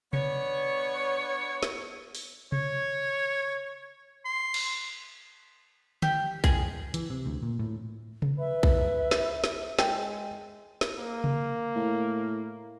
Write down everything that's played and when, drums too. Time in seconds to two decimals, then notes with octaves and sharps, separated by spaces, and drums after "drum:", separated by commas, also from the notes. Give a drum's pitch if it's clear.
0.13 B3 D4 C#5, drum: tom C3
1.63 drum: snare
2.15 drum: open hi-hat
2.52 C#5, drum: tom C3
4.25 C6
4.54 drum: cymbal
6.02 G4, drum: tom
6.44 G#4, drum: kick B1
6.94 E3, drum: hi-hat
7.10 C3
7.26 D2
7.43 A#2
7.60 A2
8.22 drum: tom C3
8.39 B4 E5
8.63 drum: kick B1
9.11 drum: snare
9.44 drum: snare
9.79 G#3 G5, drum: snare
10.81 drum: snare
10.98 A#3
11.24 drum: tom C3
11.76 A2